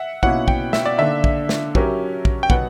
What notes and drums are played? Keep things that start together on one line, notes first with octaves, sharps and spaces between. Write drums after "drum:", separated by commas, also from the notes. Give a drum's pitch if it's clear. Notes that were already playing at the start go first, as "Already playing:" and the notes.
Already playing: E5 F#5
B2 A#3 C#4 E4 F#5, drum: kick
G5, drum: kick
E5, drum: snare
D5
D3 A#3 D4 E5
drum: kick
drum: snare
F#3 C#4 G4 A#4, drum: kick
drum: kick
G5
B2 F#3 B3 F#5, drum: kick